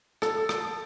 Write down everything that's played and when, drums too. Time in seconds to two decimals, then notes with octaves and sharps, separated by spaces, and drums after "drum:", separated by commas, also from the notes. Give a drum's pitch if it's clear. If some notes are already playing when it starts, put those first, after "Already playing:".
0.22 A4, drum: rim click
0.49 drum: rim click